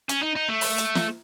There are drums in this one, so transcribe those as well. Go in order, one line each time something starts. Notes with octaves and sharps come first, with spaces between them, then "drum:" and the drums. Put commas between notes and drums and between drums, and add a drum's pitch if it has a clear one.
C#4, drum: hi-hat
D#4
D#4
A3
drum: open hi-hat
drum: hi-hat
drum: snare